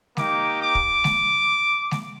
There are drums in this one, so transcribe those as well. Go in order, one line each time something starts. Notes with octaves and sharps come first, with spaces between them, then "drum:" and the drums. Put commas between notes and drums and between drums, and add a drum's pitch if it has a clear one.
A#3 D#4 G4 D6, drum: snare G#3
D6
drum: kick
drum: snare G#3
drum: snare G#3